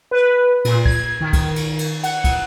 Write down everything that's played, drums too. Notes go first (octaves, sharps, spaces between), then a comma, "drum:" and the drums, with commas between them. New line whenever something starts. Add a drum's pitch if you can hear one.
B4
A#2, drum: cymbal
G#6, drum: kick
D#3
drum: kick, cymbal
drum: cymbal
drum: cymbal
F#5, drum: cymbal
drum: kick, cymbal